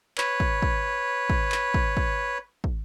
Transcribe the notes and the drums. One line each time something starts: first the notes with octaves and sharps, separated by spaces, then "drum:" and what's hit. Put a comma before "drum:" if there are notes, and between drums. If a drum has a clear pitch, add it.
B4 C#5, drum: clap
drum: kick
drum: kick
drum: kick
drum: clap
drum: kick
drum: kick
drum: kick